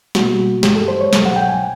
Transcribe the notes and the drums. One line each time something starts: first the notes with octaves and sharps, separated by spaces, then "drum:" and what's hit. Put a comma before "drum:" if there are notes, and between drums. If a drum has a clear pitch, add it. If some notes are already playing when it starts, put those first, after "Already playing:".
B2 G3 A#3 F#4, drum: snare
G2 E3 G#3 G4, drum: snare
A4
C5
C#5
C2 B2 F#3, drum: snare
F#5
G5
G#5